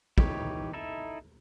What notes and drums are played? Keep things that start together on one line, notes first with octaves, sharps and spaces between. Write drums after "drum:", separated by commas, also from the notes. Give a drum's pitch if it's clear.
E3 D#4 G4 C#5, drum: kick
D#4 E4 A4 E5